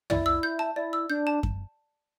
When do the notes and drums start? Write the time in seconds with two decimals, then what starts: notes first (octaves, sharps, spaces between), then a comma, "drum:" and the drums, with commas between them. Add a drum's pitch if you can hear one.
0.10 E4 D5, drum: tom
0.26 E6
0.43 G6
0.59 A5
0.76 E4 D5
0.93 E6
1.10 D4 G6
1.27 A5
1.43 drum: kick F#2